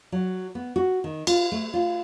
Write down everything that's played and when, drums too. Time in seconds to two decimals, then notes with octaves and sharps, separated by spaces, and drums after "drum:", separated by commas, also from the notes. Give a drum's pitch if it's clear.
0.12 F#3
0.55 B3
0.76 F#4
1.04 D#3
1.27 F4, drum: cymbal
1.52 A3
1.74 F4